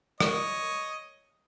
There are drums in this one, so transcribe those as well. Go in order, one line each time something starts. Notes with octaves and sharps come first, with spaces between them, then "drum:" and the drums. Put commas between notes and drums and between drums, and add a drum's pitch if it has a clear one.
C#5 D#5, drum: rim click